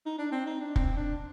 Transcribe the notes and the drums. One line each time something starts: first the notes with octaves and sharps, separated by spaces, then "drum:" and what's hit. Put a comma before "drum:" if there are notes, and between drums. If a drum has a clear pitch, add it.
D#4
D4
C4
D#4
D4
C4, drum: kick
D4